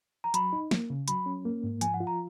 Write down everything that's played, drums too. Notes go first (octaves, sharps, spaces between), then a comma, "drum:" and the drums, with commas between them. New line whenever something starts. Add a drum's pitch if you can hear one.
A#5
F#3 B5, drum: hi-hat
D#4
A#3, drum: snare
C#3
F#3 B5, drum: hi-hat
C#4
A#3
G#2
F3 G#5, drum: hi-hat
F#5
F4
A#5